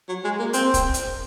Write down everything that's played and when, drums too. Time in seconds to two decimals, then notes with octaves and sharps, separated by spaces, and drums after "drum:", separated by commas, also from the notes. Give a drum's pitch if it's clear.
0.09 F#3
0.24 G#3
0.39 A#3
0.53 C4, drum: hi-hat
0.74 drum: kick, hi-hat
0.94 drum: hi-hat